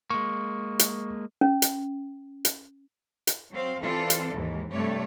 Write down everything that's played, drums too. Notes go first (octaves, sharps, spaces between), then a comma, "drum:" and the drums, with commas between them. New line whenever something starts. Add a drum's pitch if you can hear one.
G#3 A#3 C#6
drum: hi-hat
C#4
drum: hi-hat
drum: hi-hat
drum: hi-hat
F#3 C4 C5 F5
E3 C4 F4 A4 D5
drum: hi-hat
D#2 G#2 E3
G2 C3 A3 C#5 D5